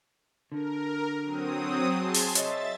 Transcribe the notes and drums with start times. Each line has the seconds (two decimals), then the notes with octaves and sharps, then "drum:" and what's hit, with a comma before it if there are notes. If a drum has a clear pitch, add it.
0.52 D3 A#4
1.23 F#3 C4 D#6
1.93 G#4 A5 C6
2.14 drum: open hi-hat
2.35 C#5 D#5 E5 C6 A6, drum: hi-hat